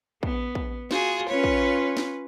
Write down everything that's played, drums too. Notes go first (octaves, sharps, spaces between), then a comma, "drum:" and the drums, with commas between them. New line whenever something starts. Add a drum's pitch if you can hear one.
B3, drum: kick
drum: kick
F4 F#4 G#4, drum: snare
C#4 F4 B4 C#5
drum: kick
drum: snare